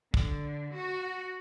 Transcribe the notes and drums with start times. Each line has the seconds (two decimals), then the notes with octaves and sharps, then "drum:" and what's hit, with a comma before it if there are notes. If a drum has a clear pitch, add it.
0.14 D3, drum: kick
0.75 F#4